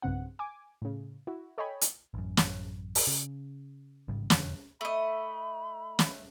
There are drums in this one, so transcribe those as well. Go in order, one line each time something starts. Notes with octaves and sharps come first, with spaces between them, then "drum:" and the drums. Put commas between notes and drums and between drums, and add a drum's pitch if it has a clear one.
B1 G2 C#3 C4 F#5
G#5 D6
A2 C#3
E4 F#4
A4 C#5 D#5 G5 G#5 B5
drum: hi-hat
A1 F#2
drum: snare
drum: open hi-hat
C#3
A1 G#2 C#3 G3
E1 F2 D3, drum: snare
A3 D#5 B5
drum: snare